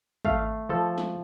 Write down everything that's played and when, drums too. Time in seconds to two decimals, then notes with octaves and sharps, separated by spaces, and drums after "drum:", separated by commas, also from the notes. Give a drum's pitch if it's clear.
0.25 A3 F5, drum: kick G#1
0.69 F3 A4
0.98 drum: snare